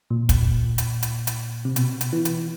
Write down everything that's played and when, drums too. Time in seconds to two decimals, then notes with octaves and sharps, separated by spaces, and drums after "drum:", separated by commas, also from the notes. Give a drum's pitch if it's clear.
0.10 A#2
0.29 drum: kick, hi-hat
0.78 drum: hi-hat
1.03 drum: hi-hat
1.27 drum: hi-hat
1.65 C3
1.76 B2, drum: hi-hat
2.01 drum: hi-hat
2.13 E3
2.25 drum: hi-hat